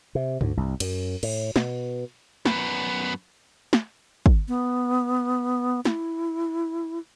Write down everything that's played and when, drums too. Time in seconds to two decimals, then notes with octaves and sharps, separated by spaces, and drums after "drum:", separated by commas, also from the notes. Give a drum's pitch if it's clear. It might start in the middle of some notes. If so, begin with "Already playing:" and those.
0.15 C3
0.41 D2, drum: tom G2
0.57 C2
0.80 F#2, drum: cymbal
1.23 A2, drum: cymbal
1.56 B2, drum: snare
2.46 F#2 B3, drum: snare
3.73 drum: snare
4.26 drum: kick
4.48 B3
5.85 E4, drum: snare